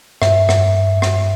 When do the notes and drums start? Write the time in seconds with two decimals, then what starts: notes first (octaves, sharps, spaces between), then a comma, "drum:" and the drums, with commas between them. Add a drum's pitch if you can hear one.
0.22 G2 E5, drum: rim click
0.49 G2, drum: rim click
1.02 drum: rim click